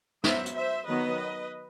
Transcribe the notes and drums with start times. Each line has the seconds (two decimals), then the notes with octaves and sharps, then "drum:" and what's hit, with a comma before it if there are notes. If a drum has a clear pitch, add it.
0.24 F#3 B3 C5 E5, drum: snare
0.46 drum: hi-hat
0.56 C5 E5
0.87 D#3 F#3 B3 B4 D#5